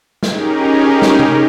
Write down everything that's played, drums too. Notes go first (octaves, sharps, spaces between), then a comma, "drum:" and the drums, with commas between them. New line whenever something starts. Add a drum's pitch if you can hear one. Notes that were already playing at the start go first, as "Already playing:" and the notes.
C#4 D#4 G4 G#4 A#4, drum: snare
drum: snare
drum: tom C3